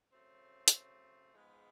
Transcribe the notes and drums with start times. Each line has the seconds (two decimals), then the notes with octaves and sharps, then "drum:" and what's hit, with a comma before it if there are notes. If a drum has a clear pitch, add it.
0.13 C#3 F#3 A3 C4
0.68 drum: hi-hat
1.33 G#2 F3 G#3 B3